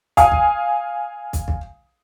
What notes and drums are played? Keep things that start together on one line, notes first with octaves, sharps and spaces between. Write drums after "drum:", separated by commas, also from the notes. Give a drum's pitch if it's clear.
F5 G#5 D#6, drum: kick, hi-hat
drum: kick
drum: kick, hi-hat
drum: kick